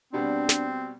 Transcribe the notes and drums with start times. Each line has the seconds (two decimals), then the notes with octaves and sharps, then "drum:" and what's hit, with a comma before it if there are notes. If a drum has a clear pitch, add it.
0.14 B2 G3 B3 C4 D4
0.49 drum: snare